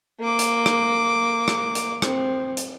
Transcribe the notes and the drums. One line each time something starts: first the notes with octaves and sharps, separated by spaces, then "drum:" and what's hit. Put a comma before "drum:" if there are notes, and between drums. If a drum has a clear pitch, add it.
A#3 D6
drum: hi-hat
drum: rim click
drum: rim click
drum: hi-hat
C4, drum: rim click
drum: hi-hat